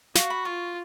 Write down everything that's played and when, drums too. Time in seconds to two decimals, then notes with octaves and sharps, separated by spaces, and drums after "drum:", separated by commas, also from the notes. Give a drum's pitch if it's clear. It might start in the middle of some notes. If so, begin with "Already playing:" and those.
0.15 F#4 F5, drum: snare
0.30 B5
0.45 F4 C#6